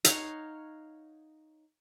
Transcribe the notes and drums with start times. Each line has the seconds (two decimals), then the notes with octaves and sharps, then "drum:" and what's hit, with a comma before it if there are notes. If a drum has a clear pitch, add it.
0.04 D#4 C#5 F5 F#5, drum: hi-hat